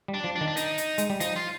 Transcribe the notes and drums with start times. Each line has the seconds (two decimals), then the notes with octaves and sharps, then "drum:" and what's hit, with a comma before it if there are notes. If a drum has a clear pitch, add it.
0.08 G3
0.14 D4
0.24 F3
0.36 D4
0.41 D#3
0.48 D4
0.57 D#4, drum: hi-hat
0.78 drum: hi-hat
0.98 G#3, drum: hi-hat
1.10 G3
1.20 F3 D#4, drum: hi-hat
1.36 F4